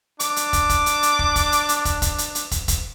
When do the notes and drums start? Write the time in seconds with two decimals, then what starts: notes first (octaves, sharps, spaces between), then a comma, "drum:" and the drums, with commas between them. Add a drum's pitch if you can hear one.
0.20 D4 D6, drum: hi-hat
0.36 drum: hi-hat
0.53 drum: kick, hi-hat
0.69 drum: kick, hi-hat
0.86 drum: hi-hat
1.03 drum: hi-hat
1.19 drum: kick
1.36 drum: kick, hi-hat
1.52 drum: hi-hat
1.69 drum: hi-hat
1.85 drum: kick, hi-hat
2.02 drum: kick, hi-hat
2.18 drum: hi-hat
2.35 drum: hi-hat
2.51 drum: kick, hi-hat
2.68 drum: kick, hi-hat